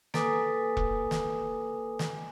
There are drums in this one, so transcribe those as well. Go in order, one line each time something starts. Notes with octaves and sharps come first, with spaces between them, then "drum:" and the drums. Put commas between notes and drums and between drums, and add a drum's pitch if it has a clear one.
A#3 A4 B4 G#5 D6 D#6, drum: snare
drum: kick E1
drum: snare
drum: snare